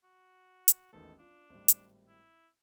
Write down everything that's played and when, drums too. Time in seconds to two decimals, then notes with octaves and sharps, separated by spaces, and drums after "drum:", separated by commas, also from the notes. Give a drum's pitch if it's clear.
0.04 F#4
0.68 drum: hi-hat
0.93 E1 A1 D#3 A4
1.19 D4 F4
1.50 G#1 A2 G3
1.68 drum: hi-hat
2.08 E4